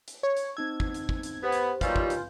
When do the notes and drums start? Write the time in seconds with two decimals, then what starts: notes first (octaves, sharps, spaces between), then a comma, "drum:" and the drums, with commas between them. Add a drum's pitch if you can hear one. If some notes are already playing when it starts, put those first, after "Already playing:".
0.08 drum: hi-hat
0.23 C#5
0.37 drum: hi-hat
0.57 C4 D#4 E6 G#6
0.80 drum: kick
0.94 drum: hi-hat
1.09 drum: kick
1.23 drum: hi-hat
1.43 B3 G4 C5
1.52 drum: hi-hat
1.81 D#3 F#3 G3 F4 B4 G#5 G6, drum: kick, hi-hat
1.96 drum: kick
2.10 drum: hi-hat